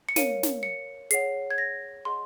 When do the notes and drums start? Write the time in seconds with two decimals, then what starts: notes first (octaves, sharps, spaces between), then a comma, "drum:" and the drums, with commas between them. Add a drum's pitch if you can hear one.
0.09 C#7
0.16 A#4 C#5 F5 D#7, drum: snare
0.43 drum: snare
0.63 C#7
1.11 G#4 C#5 F#5 C7, drum: hi-hat
1.51 G#6
1.58 A#6
2.05 G#4 D#5 F#5 C6